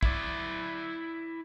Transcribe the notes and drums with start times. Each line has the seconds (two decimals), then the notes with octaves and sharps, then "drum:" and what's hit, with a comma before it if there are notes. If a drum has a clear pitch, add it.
0.03 E4 D5, drum: kick